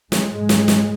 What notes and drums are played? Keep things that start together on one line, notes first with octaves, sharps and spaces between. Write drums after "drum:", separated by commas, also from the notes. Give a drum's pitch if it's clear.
G#2 G#3, drum: snare
drum: snare
drum: snare